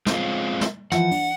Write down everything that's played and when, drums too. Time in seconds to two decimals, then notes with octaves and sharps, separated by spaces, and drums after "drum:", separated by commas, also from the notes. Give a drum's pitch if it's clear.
0.06 G#3 C4 F4, drum: snare
0.61 drum: snare
0.92 E3 F3 F#5, drum: snare
1.11 D4, drum: open hi-hat